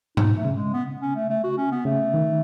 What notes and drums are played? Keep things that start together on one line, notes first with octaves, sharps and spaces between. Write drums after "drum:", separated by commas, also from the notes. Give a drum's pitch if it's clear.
B2 D#4, drum: tom G#2
A3
C#3
G#3
B3
C#4
A3
A3
F#4
C#4
B3
C#3 A3
D#3